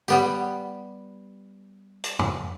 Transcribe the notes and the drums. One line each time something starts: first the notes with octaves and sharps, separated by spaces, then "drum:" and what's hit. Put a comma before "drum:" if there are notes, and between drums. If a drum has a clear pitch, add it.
G3 B3 G4, drum: tambourine
drum: hi-hat
drum: tom